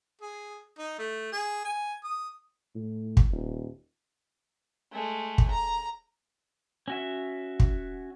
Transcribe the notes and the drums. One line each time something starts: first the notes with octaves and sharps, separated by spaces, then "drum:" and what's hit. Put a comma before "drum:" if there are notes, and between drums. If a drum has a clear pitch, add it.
G#4
D#4
A3
G#4
G#5
D#6
A2
drum: kick
D#1
G#3 A3
drum: kick
A#5
C#4 F#4 E5
drum: kick